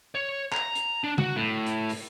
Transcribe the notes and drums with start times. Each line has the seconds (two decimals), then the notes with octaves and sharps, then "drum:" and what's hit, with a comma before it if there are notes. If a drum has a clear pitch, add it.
0.15 C#5
0.53 A#5, drum: clap
0.75 drum: hi-hat
1.04 D4
1.18 F#4, drum: tom C#3
1.36 A2
1.66 drum: hi-hat
1.89 drum: open hi-hat